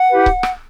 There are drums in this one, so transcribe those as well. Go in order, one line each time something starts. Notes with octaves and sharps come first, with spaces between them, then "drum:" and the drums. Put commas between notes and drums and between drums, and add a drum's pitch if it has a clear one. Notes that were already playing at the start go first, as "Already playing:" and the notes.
Already playing: F#5
E4 G4 B4
drum: kick C#1
drum: rim click